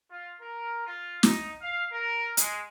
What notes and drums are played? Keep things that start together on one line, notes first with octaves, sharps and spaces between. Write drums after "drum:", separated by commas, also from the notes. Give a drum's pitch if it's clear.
F4
A#4
F4
D#4, drum: snare
F5
A#4
G#3, drum: hi-hat